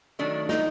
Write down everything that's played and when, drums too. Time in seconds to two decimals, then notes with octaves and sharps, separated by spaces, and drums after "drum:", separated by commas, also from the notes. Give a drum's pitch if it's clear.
0.19 D#3 F#3 A3 D4
0.49 D#4, drum: snare